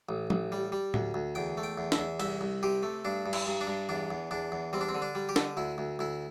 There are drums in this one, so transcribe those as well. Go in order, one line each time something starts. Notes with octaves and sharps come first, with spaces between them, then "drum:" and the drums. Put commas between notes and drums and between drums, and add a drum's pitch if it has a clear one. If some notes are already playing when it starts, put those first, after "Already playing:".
A1
A1, drum: tom
G3
G3
D2, drum: tom A2
D2
E2 G5
A3
G5
E2
E5, drum: snare
E2
C2 E5, drum: cymbal
C2
C3 G4
A3
G2 D4
G2
E4, drum: cymbal
G2
D4
G2
E2 D4
E2
E2 D4
E2
G3 C4
D4
C4
D3
D4
G3
G4
D3, drum: snare
D2 E4
D2
D2 E4